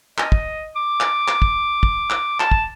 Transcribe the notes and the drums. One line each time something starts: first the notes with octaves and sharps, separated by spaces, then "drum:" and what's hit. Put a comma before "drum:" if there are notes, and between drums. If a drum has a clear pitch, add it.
D#5, drum: clap
drum: kick
D6
drum: clap
drum: clap
drum: kick
drum: kick
drum: clap
A5, drum: clap
drum: kick